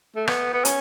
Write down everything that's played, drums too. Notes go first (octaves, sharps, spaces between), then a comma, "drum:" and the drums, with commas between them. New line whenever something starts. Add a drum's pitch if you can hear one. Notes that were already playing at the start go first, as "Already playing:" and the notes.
A3
B3, drum: rim click
B3
C#4, drum: hi-hat